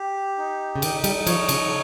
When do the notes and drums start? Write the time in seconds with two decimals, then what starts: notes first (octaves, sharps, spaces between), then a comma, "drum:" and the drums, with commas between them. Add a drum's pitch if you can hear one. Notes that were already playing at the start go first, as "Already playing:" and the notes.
Already playing: G4
0.38 D#4
0.75 C#3
0.82 D#3 D#4, drum: cymbal
1.04 G3, drum: cymbal
1.27 F3 C#5, drum: cymbal
1.49 C#3, drum: cymbal